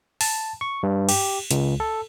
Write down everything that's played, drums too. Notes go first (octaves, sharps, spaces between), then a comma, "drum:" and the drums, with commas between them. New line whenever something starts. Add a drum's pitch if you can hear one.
A5, drum: open hi-hat
C#6
G2
G4, drum: cymbal
C#2, drum: hi-hat
A4